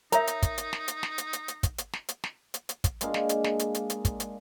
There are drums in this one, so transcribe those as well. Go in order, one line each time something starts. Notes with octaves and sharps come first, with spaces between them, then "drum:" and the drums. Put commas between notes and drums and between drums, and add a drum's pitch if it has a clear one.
D#4 A#4 C#5 E5 A#5, drum: hi-hat
drum: hi-hat
drum: kick, hi-hat
drum: hi-hat
drum: snare
drum: hi-hat
drum: snare
drum: hi-hat
drum: hi-hat
drum: hi-hat
drum: kick, hi-hat
drum: hi-hat
drum: snare
drum: hi-hat
drum: snare
drum: hi-hat
drum: hi-hat
drum: kick, hi-hat
G#3 A#3 D4 F5, drum: hi-hat
drum: snare
drum: hi-hat
drum: snare
drum: hi-hat
drum: hi-hat
drum: hi-hat
drum: kick, hi-hat
drum: hi-hat